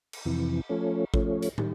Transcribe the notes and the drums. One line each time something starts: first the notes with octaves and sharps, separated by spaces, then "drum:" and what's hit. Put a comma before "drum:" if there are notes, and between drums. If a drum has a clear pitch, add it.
drum: cymbal
F2 C3 E3
F3 A3 C#4
F3 A3 C#4, drum: kick G#1
drum: hi-hat
D#3 G3, drum: tom